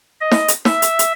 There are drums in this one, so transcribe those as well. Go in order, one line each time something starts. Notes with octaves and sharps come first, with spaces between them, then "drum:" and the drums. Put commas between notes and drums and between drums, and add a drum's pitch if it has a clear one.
D#5
drum: snare
drum: hi-hat
E5, drum: snare
drum: hi-hat
drum: hi-hat